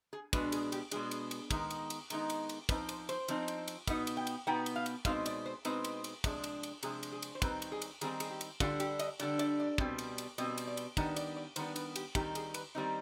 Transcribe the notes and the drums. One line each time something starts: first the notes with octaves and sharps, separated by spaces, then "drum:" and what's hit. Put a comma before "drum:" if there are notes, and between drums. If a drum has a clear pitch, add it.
G#4
B2 G#3 D4 B4, drum: kick, cymbal
G#4, drum: cymbal
G4, drum: cymbal
B2 G#3 D4 G#4, drum: cymbal
drum: cymbal
drum: cymbal
D#3 G#3 B3 D#4, drum: kick, cymbal
drum: cymbal
drum: cymbal
D#3 G#3 B3 D#4, drum: cymbal
drum: cymbal
drum: cymbal
F3 C4 D#4 B4, drum: kick, cymbal
C5, drum: cymbal
C5, drum: cymbal
F3 C4 D#4, drum: cymbal
drum: cymbal
drum: cymbal
B2 B3 D#4, drum: kick, cymbal
drum: cymbal
G5
drum: cymbal
B2 B3 D#4 G5
drum: cymbal
F5
drum: cymbal
B2 G#3 C4 D#4 F5, drum: kick, cymbal
D5, drum: cymbal
C5
B2 G#3 C4 D#4 B4, drum: cymbal
drum: cymbal
drum: cymbal
C3 F3 G#3 D4, drum: kick, cymbal
drum: cymbal
drum: cymbal
C3 F3 G#3 D4 G#4, drum: cymbal
drum: cymbal
G#4
drum: cymbal
C5
D#3 G3 C4 D#4 B4, drum: kick, cymbal
drum: cymbal
G#4
drum: cymbal
D#3 G3 C4 D#4 G#4, drum: cymbal
G#4, drum: cymbal
G4
drum: cymbal
D3 G3 D4 F4, drum: kick, cymbal
G4, drum: cymbal
D#5, drum: cymbal
D3 G3 D4 D5, drum: cymbal
D5, drum: cymbal
D5
B2 G3 C4, drum: kick
drum: cymbal
drum: cymbal
B2 G3 C4 D#5, drum: cymbal
drum: cymbal
D5
drum: cymbal
D#3 G3 B3 D4 D#5, drum: kick, cymbal
D5, drum: cymbal
D5
D#3 G3 B3 D4 C5, drum: cymbal
B4, drum: cymbal
G4, drum: cymbal
D#3 G3 C4 D#4 G4, drum: kick, cymbal
G#4, drum: cymbal
B4, drum: cymbal
D#3 G3 C4 D#4